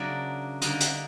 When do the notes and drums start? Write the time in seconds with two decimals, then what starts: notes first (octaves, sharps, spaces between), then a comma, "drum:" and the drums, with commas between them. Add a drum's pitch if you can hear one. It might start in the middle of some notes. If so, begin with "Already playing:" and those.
Already playing: C#3 F#3 A#3 D4 D5 E5
0.61 D3 G3 A#3 D#4 D#5 F5, drum: hi-hat
0.80 E5 F#5, drum: hi-hat